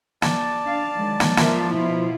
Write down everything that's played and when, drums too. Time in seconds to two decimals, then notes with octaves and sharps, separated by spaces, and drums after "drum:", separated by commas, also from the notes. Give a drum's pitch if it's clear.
0.22 D5 A5, drum: snare
0.65 D4 F5
0.95 D#3 F#3 G#3
1.20 drum: snare
1.37 F3 F4 A#4 E5, drum: snare
1.67 B2 E4 F4